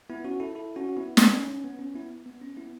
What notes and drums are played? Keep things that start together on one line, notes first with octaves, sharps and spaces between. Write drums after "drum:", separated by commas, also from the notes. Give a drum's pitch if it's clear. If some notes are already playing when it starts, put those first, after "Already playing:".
B3 E4
C#4 F#4
E4 A4
E4 A4
C#4 F#4
F#4
B3 E4
C#4, drum: snare
C#4
C#4
B3
C#4
B3 E4
B3
C#4
B3 E4